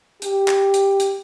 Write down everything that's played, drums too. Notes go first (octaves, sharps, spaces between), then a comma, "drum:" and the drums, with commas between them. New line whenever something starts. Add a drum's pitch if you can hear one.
G4, drum: hi-hat
drum: clap
drum: hi-hat
drum: hi-hat